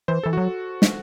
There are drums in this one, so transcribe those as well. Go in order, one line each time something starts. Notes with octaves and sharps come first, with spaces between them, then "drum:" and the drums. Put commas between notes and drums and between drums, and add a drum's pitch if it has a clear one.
E3 C5
E3 A4
F#4
F#3
drum: snare